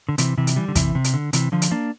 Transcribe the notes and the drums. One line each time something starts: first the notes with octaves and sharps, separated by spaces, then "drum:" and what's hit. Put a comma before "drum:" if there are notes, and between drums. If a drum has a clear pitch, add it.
D3
C3 E3, drum: hi-hat
C3 E3
drum: hi-hat
E3 G3
D3
C3 E3, drum: kick, hi-hat
C3
drum: hi-hat
D3
C3 E3, drum: hi-hat
D3 F3
drum: hi-hat
A#3 D4